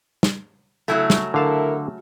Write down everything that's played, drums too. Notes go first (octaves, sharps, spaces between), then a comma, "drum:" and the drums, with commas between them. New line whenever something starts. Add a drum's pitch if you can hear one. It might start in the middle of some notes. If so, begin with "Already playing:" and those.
drum: snare
C#3 F#3 A3 E4 E5
drum: snare
D3 E4 A4 A#4 F5 A5